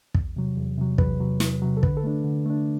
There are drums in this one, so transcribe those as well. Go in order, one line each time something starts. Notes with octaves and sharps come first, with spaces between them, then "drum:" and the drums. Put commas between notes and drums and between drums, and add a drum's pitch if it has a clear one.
E2, drum: kick
C3 F#3
E2
C3 F#3
E2 B4, drum: kick
C3 F#3
E2, drum: snare
C3 F#3
A4
D3 B4, drum: kick
A4
A3 D4
D3
A3 D4